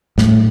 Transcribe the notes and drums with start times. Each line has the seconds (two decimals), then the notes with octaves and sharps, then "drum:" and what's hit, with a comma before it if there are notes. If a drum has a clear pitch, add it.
0.18 A2, drum: snare